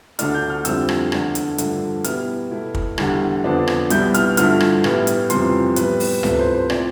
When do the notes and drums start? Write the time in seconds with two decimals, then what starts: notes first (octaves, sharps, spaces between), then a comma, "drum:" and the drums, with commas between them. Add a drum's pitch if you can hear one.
0.19 D2 D3 A3 D4 F6, drum: hi-hat
0.35 G6
0.50 F6
0.65 F2 D3 G3 C4 E4 E6, drum: hi-hat
0.89 drum: rim click
1.12 E2 D3 A3 D4, drum: rim click
1.35 drum: hi-hat
1.58 G2 D3 F3 A3, drum: hi-hat
2.04 B2 G3 B3 E4 F6, drum: hi-hat
2.51 B2 A3 E4
2.74 drum: kick
2.98 E2 D3 G3, drum: rim click
3.44 F2 D3 F3 B3 D4
3.67 drum: rim click
3.90 C2 B2 G3 B3 E4 G6, drum: hi-hat
4.14 F6, drum: hi-hat
4.37 G2 D3 F3 A3 E4 F6, drum: hi-hat
4.60 drum: rim click
4.84 A2 G3 B3 E4, drum: rim click
5.07 drum: hi-hat
5.30 F2 C3 E3 G3 C6, drum: hi-hat
5.76 A2 G3 B3 B4, drum: hi-hat
6.00 drum: open hi-hat
6.23 C3 F3 A3 E4 B4, drum: tom
6.39 C5
6.54 C5
6.70 A2 F3 C4 E4 D5, drum: rim click